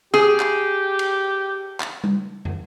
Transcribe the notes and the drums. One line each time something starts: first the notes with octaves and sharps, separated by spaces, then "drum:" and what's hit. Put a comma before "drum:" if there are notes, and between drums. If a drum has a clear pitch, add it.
G4 G#4, drum: snare
drum: clap
drum: cymbal
drum: clap
drum: tom G3
drum: tom